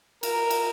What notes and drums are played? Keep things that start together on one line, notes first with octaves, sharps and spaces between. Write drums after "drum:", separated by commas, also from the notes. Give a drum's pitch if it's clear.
A#4, drum: cymbal
drum: cymbal